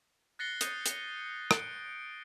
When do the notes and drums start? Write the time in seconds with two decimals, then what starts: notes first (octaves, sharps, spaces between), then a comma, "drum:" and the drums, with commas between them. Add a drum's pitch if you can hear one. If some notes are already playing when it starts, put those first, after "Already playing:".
0.39 F#6 A6 A#6 C7 C#7 G7
0.61 D#6 G6 A#6 C7 C#7 D#7, drum: hi-hat
0.86 drum: hi-hat
1.51 D7, drum: rim click